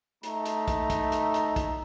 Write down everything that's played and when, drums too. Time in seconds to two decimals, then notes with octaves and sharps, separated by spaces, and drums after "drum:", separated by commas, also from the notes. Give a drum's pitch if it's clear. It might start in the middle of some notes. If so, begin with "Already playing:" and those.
0.23 A3 D#4 A#5, drum: hi-hat
0.45 drum: hi-hat
0.68 drum: kick, hi-hat
0.90 drum: kick, hi-hat
1.12 drum: hi-hat
1.34 drum: hi-hat
1.56 drum: kick, hi-hat